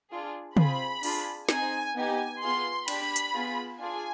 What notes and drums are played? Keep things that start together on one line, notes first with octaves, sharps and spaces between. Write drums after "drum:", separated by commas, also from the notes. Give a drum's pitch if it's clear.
D4 F4 G#4
C4 F4 G#4 B5, drum: tom
D4 F4 G#4, drum: open hi-hat
C4 D#4 G#4 G#5, drum: snare
B3 D#4 G4 G#5
B3 F4 G#4 C6
D4 G4 B5, drum: cymbal
drum: hi-hat
B3 F4 G#4
D4 F4 G#4 G#5